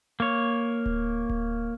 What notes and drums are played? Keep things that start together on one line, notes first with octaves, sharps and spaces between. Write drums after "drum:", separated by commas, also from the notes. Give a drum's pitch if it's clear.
A#3 C#5
drum: kick D1
drum: kick D1